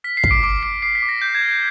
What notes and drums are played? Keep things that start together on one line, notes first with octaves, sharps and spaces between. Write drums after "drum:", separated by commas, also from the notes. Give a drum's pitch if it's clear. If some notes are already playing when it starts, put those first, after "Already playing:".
F6 B6
C7
F6, drum: kick
D6 D7
D6 D7
D6 C7
D6 C7
B6
D6
A#6
D6 G6
G#6
F6
G#6